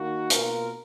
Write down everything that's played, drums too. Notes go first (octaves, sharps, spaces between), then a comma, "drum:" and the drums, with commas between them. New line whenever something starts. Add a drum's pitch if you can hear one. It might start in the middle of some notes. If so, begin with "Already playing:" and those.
Already playing: D#3 A#3 D#4 F#4
B2 A#3 F4 A#4, drum: hi-hat